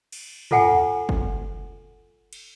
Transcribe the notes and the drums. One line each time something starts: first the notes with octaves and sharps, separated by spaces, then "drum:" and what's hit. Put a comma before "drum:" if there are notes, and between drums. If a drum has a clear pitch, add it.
drum: cymbal
F4 A4 F#5 G#5, drum: tom
drum: kick F#1
drum: cymbal